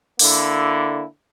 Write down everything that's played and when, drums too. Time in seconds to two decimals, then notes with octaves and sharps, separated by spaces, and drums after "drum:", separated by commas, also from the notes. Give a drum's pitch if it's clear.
0.19 D3 A#3 E4, drum: open hi-hat